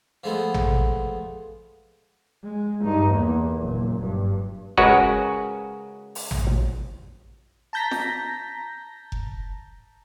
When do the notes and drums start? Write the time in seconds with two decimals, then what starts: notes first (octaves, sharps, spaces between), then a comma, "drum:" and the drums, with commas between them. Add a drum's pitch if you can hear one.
0.24 F3 G#3 A3 B3
0.54 drum: tom
2.44 G#3
2.83 G2 D#4
3.11 E2 A#3
3.60 F#1 A#2
3.98 G2
4.77 C#3 G#3 C#4 F#4 A#4 B4, drum: kick F1
6.15 drum: open hi-hat
6.31 drum: tom
7.73 A5 A#5 G6 A#6 B6
7.91 drum: snare
9.12 drum: kick F1